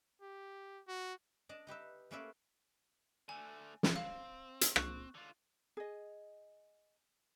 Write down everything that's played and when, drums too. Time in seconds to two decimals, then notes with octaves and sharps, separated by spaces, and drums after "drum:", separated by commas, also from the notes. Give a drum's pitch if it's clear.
0.22 G4
0.87 F#4
1.49 D4 D#5 A5
1.67 D#4 G4 B4 E5
2.11 A3 A#3 C#4 B4 D5 E5
3.29 D3 A3 G#5
3.83 drum: snare
3.96 C4 F5
4.61 drum: hi-hat
4.76 C#6 F#6, drum: rim click
5.15 D3 F4
5.77 G#4 D#5